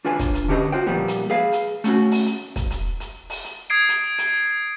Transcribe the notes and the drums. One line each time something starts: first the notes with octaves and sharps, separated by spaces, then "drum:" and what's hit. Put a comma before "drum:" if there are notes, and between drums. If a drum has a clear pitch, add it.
D4 F4 B4 G#5
drum: kick, hi-hat
drum: hi-hat
D3 C#4 G4 B4 D#5
F4 F#4 C5 G5
A#2 F3 G3 B3
drum: hi-hat
G#4 B4 F5
drum: hi-hat
A3 C#4 F#4, drum: hi-hat
drum: open hi-hat
drum: hi-hat
drum: kick, hi-hat
drum: hi-hat
drum: hi-hat
drum: open hi-hat
drum: hi-hat
D#6 G#6 C7 D7
drum: hi-hat
drum: hi-hat